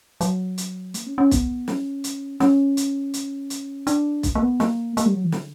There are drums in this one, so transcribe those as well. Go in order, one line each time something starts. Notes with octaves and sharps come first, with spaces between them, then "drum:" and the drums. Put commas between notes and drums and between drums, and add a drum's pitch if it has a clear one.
F#3, drum: hi-hat
drum: hi-hat
A#3, drum: hi-hat
C#4
C#4
B3, drum: kick B1, hi-hat
C#4, drum: snare
drum: hi-hat
C#4, drum: snare
drum: hi-hat
drum: hi-hat
drum: hi-hat
D4, drum: hi-hat
drum: kick B1, hi-hat
A#3
B3
A#3, drum: snare
A#3, drum: hi-hat
G3
F#3
E3
D3, drum: snare